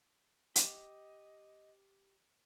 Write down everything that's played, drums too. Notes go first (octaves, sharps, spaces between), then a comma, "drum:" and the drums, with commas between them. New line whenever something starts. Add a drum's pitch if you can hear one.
G4 D#5, drum: hi-hat